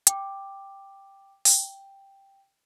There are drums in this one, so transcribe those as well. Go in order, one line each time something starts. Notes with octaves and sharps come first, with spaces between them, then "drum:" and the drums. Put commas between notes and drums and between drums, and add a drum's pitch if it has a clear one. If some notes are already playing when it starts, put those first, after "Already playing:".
G5 D6, drum: hi-hat
G5, drum: open hi-hat